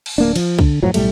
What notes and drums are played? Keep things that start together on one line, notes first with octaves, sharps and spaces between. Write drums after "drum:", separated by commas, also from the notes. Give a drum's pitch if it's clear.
drum: cymbal
D1 A#3 D4
F3, drum: cymbal
D3, drum: kick C2
F#2 A2 F3 F#3
B1 A2 G3 A3, drum: cymbal